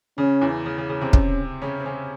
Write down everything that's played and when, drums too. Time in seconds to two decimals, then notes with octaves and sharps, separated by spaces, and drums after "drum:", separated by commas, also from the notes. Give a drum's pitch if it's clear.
0.18 C#3 C#4
0.41 E2 E3
0.66 C#3
0.78 C#3
0.89 C#3
1.01 C3 C4
1.13 C#4, drum: kick
1.62 C#3 C#4
1.80 C4
1.86 C#3 C#4